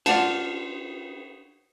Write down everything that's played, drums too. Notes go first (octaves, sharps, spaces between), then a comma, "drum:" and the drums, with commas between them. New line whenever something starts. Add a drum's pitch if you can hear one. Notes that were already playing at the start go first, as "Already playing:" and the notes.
F4 D5 F#5 A5, drum: cymbal